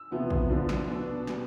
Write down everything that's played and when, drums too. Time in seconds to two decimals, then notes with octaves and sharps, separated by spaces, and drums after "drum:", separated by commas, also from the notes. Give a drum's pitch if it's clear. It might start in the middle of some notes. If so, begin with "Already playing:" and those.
Already playing: E6
0.11 E2 C3 F3 B3 E4
0.30 drum: kick
0.49 D3 F3 B3 D4
0.69 drum: snare
0.88 B2 B3 D4 E6
1.27 B2 G3, drum: snare